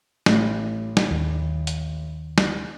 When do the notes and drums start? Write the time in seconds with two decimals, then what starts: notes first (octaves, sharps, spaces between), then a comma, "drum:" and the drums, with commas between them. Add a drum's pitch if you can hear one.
0.26 A1, drum: snare
0.97 drum: snare
1.11 D#2
1.67 drum: hi-hat
2.38 drum: snare